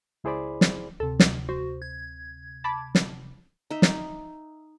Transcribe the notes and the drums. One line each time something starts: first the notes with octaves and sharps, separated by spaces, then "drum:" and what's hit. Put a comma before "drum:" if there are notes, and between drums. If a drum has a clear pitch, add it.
C#2 E4 G#4 C5 D5 B5
drum: snare
D2 C3 A4
drum: snare
F#4 C5
G#6
A5 B5 D6
drum: snare
D#4 E5
drum: snare